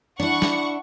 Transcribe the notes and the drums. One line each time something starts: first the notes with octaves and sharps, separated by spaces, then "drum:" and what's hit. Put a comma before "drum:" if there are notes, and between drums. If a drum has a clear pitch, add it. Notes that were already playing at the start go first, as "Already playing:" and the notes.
D4 E4 F#5 C#6
drum: snare